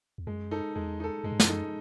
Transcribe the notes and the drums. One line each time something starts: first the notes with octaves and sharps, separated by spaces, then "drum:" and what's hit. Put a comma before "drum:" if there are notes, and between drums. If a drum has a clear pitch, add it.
E2
F#2 G#3
D#4 A4
E2 G#3
D#4 A4
F#2 G#3
G#2
F#2, drum: snare
D#4 A4